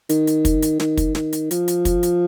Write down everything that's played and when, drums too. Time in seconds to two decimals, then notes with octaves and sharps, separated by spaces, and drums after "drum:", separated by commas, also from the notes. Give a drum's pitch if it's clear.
0.09 D#3, drum: hi-hat
0.27 drum: hi-hat
0.45 drum: kick, hi-hat
0.62 drum: hi-hat
0.80 D#3, drum: snare
0.97 drum: kick, hi-hat
1.15 D#3, drum: snare
1.33 drum: hi-hat
1.51 F3, drum: hi-hat
1.68 drum: hi-hat
1.85 drum: kick, hi-hat
2.03 drum: hi-hat